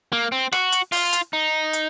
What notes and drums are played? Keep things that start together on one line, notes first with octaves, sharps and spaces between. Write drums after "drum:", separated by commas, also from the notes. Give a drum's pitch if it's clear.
A#3
C4
F#4, drum: rim click
drum: hi-hat
F4, drum: open hi-hat
drum: hi-hat
D#4
drum: hi-hat